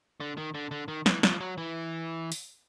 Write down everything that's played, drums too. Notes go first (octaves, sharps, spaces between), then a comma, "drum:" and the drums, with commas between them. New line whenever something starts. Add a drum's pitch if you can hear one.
D3
D#3
D3
D3
D#3
E3, drum: snare
F3, drum: snare
F#3
E3
drum: open hi-hat